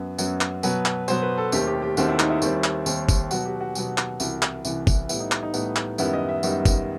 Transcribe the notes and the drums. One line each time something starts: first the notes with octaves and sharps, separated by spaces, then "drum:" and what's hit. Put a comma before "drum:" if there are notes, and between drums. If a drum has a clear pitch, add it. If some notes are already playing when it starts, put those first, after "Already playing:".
Already playing: F#2 F#3 B3
F#2 F#3 B3, drum: tambourine
drum: clap
B2 F#3 B3 B4, drum: tambourine
drum: clap
B2 F#3 B3 C5, drum: tambourine
B4
A4
D#2 D#3 A3 C4 G4, drum: tambourine
G4
G4
D#2 D#3 A3 C4 F#4, drum: tambourine
E4
D#4, drum: clap
E4
D#2 D#3 G3 C4, drum: tambourine
drum: clap
D#2 D#3 G3 C4, drum: tambourine
drum: kick, tambourine
B2 F#3 B3 F#4, drum: tambourine
G4
F#4
B2 F#3 B3, drum: tambourine
drum: clap
C2 C3 E3 F#4, drum: tambourine
drum: clap
C2 C3 E3, drum: tambourine
drum: kick, tambourine
A2 G3 B3 E4, drum: tambourine
D#4
drum: clap
D#4
A2 G3 B3, drum: tambourine
drum: clap
F#2 D#3 G3 B3 E4, drum: tambourine
D#5
E5
F#2 D#3 G3 B3, drum: tambourine
drum: kick, tambourine